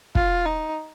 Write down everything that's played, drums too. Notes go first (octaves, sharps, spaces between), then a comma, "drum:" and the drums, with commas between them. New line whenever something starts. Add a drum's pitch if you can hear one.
F4, drum: kick
D#4